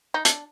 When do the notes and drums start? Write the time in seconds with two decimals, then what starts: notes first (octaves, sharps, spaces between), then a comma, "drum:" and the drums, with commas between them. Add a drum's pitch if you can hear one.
0.14 D#4
0.25 D4, drum: hi-hat